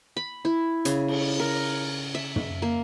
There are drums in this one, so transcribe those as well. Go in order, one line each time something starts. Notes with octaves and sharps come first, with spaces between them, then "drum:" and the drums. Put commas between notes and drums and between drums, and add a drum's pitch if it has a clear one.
B5
E4
C#3, drum: hi-hat
drum: cymbal
A#4
E5
drum: tom
A#3